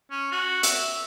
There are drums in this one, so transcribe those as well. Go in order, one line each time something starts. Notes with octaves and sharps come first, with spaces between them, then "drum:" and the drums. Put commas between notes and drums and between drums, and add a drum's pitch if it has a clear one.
C#4
F#4
E5, drum: hi-hat